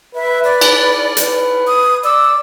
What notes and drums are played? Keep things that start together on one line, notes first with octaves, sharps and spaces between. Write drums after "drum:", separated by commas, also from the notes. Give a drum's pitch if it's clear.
B4 E5
D5
drum: cymbal
B4, drum: hi-hat
D#6
D5 E6